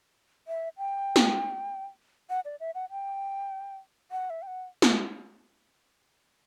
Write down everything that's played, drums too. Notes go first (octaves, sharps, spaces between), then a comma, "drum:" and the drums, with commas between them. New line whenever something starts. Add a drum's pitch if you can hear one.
E5
G5
drum: snare
F#5
D5
E5
F#5
G5
F#5
E5
G5
F#5
drum: snare